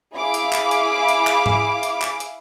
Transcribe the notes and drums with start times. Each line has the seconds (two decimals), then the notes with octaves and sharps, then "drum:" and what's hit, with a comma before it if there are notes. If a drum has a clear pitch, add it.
0.15 E4 G#4 F5 B5 D6
0.34 drum: hi-hat
0.53 drum: clap
0.71 drum: hi-hat
1.09 drum: hi-hat
1.27 drum: clap
1.46 drum: tom G#2
1.83 drum: hi-hat
2.02 drum: clap
2.20 drum: hi-hat